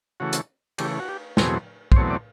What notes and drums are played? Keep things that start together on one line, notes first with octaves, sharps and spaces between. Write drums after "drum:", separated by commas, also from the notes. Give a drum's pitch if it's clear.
C#3 E3 A3 F#4
drum: hi-hat
C#3 E3 A3 G4, drum: cymbal
F#4
G4
E2 B2 F#3 A3 C4 G#4, drum: snare
C5, drum: kick
E2 B2 F#3 A3 C4 C#5
D5